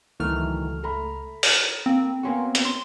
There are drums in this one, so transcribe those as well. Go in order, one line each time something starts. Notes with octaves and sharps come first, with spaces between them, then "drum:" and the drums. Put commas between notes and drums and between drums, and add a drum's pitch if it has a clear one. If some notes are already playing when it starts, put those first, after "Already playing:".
C#2 D#3 E3 F#3 A3 F6
A4 A#5 B5
drum: open hi-hat
A#3 C4
A#3 B3 C#4 F#4 C6
drum: hi-hat
C6